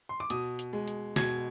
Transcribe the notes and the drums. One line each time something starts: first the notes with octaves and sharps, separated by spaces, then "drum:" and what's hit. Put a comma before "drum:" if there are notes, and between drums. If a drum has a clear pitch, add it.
C6
D6
B2 D#6, drum: hi-hat
drum: hi-hat
G#3
drum: hi-hat
B2 G#6, drum: snare